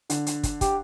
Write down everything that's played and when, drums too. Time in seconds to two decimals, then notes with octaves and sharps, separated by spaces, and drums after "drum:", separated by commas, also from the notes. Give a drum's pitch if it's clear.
0.10 D3, drum: hi-hat
0.26 drum: hi-hat
0.43 drum: kick, hi-hat
0.61 G4, drum: kick, hi-hat